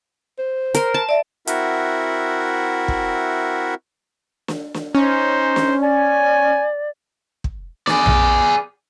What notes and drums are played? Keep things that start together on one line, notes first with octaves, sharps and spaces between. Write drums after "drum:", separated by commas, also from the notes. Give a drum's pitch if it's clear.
C5
A#4 C6, drum: hi-hat
A5
D5 E5
C4 E4 F#4 A#4 E5 F#5, drum: hi-hat
drum: kick
drum: snare
drum: snare
C#4 D#4 C5
drum: snare
D5 G#5
drum: kick
G#4 D5, drum: snare
drum: tom A#1